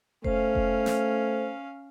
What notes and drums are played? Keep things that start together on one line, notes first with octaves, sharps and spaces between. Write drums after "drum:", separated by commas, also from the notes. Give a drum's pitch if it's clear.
A3 C#4 C5 F5, drum: kick F1
drum: kick F1
drum: snare